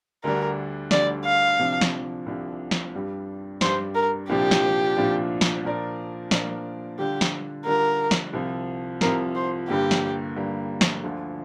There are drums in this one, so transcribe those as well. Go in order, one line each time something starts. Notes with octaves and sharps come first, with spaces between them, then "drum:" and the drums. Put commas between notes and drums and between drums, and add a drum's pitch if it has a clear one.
D2 D3 G3 D4 A#4
D2 D3 G3 D4 D5, drum: snare
F5
C2 C3 F3 D4
drum: snare
C2 C3 F3 D4
drum: snare
G2 G3 D4
G2 G3 D4 C5, drum: snare
A#4
C2 A#2 F3 D4 G4
drum: snare
C2 A#2 F3 D4
drum: snare
A#2 F3 D4 A#4 D5
A#2 F3 D4 A#4 D5, drum: snare
D3 G3 D4 F4 G4
drum: snare
D3 G3 D4 F4 A#4
drum: snare
C2 C3 F3
C2 C3 F3 A#4, drum: snare
C5
G2 D3 G3 A#3 G4
drum: snare
G2 D3 G3 A#3
drum: snare
D2 D3 F3